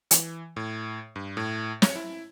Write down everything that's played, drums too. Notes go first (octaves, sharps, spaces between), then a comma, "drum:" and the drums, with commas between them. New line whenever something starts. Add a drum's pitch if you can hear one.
E3, drum: hi-hat
A2
G2
A2
C#5, drum: snare
E4